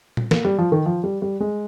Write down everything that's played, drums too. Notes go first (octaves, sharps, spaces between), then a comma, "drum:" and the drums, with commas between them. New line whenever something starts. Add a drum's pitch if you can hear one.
drum: tom A#2
A#3, drum: snare
G3
F3
D#3
F3
G3
G3
G#3